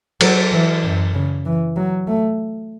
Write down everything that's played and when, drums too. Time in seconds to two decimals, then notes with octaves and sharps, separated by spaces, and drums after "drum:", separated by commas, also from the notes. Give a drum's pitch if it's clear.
0.21 F#3, drum: cymbal
0.52 E3
0.84 F#2
1.14 C#3
1.46 E3
1.76 F#3
2.07 A3